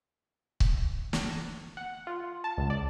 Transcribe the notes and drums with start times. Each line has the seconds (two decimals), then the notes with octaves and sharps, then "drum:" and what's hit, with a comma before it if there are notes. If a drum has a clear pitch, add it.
0.60 drum: kick C#1
1.13 drum: snare
1.77 F#5
2.07 F4
2.44 A5
2.58 C#2
2.70 D5